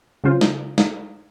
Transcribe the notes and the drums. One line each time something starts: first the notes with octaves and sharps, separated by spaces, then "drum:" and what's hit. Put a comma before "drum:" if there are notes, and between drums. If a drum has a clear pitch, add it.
C#3 F#3 C#4 F4 C5
drum: snare
drum: snare